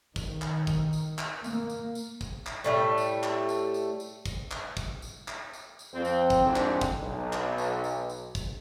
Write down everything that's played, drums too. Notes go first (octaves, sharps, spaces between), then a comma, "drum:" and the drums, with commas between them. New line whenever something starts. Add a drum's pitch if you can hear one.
D#3, drum: kick, tambourine
drum: clap
drum: kick, tambourine
drum: tambourine
drum: clap
A#3, drum: tambourine
drum: tambourine
drum: tambourine
drum: kick, tambourine
drum: clap
A2 G3 A3
drum: tambourine
drum: clap
drum: tambourine
drum: tambourine
drum: tambourine
drum: kick, tambourine
drum: clap
drum: kick, tambourine
drum: tambourine
drum: clap
drum: tambourine
drum: tambourine
F2 C4
drum: tambourine
drum: kick, tambourine
C2 F2 G#2 C4 D4
drum: clap
drum: kick, tambourine
B1
drum: clap
drum: tambourine
drum: tambourine
drum: tambourine
drum: kick, tambourine